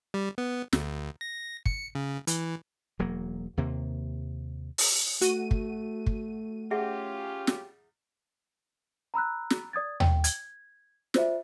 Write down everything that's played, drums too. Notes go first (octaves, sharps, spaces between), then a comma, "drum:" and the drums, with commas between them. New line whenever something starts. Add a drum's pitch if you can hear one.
G3
B3
D2, drum: snare
A#6
C#7, drum: kick
C#3
E3, drum: hi-hat
E1 F#3 A#3
D#2 C3 A#3
drum: open hi-hat
A3 F#4 D#7, drum: hi-hat
drum: kick
drum: kick
C#4 F4 G4 G#4 E5 F#5
drum: snare
A#5 B5 E6 F#6
drum: snare
D5 D#6 G#6 A6
G5, drum: tom D#2
G#6, drum: hi-hat
F4 C5 D5 E5, drum: snare